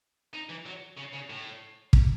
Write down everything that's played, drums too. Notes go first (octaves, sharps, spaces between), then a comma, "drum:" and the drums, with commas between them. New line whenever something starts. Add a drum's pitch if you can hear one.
D#4
E3
F#3
C#3
C#3
A2
drum: kick